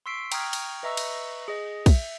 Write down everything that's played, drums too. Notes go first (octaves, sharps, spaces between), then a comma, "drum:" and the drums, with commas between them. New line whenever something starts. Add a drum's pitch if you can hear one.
C6 C#6 E6 B6 C7 D7
G5 A#5 C#6 D#6 F6 G#6, drum: cymbal
drum: cymbal
B4 D#5 E5 A#5 C#6 E6
drum: cymbal
G#4 D#5
E5, drum: kick, cymbal